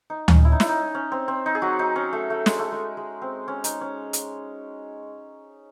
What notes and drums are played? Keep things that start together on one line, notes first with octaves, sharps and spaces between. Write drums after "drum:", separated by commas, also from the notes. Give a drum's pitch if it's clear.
D#4
C#4, drum: tom D2
E4
D#4
E4, drum: snare
D#4
C#4
C4
C4
D#4
G#4
F#3 F#4
D#4
C#4
A3
A3
G#3, drum: snare
A3
G#3
G#3
C4
C#4
D#4, drum: hi-hat
C#4
drum: hi-hat